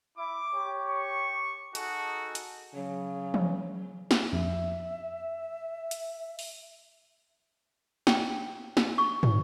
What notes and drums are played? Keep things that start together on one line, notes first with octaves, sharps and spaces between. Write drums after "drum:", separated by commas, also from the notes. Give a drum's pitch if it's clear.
E4 D6
G4 C#5
C#6
D#4 F#4 G#4 A4, drum: hi-hat
drum: hi-hat
C#3 F#3
drum: tom E3
drum: snare
F2 E5
drum: hi-hat
drum: open hi-hat
G5, drum: snare
drum: snare
C#6
drum: tom